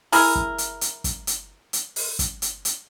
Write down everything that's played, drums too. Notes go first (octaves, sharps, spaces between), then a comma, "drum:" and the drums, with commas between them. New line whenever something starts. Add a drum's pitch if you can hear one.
E4 G#4 A#4, drum: open hi-hat
drum: kick
drum: hi-hat
drum: hi-hat
drum: kick, hi-hat
drum: hi-hat
drum: hi-hat
drum: open hi-hat
drum: kick, hi-hat
drum: hi-hat
drum: hi-hat